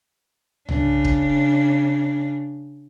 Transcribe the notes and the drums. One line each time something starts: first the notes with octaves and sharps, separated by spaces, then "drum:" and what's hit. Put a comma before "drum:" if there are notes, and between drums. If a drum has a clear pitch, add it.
C#3 D4, drum: tom C2
drum: kick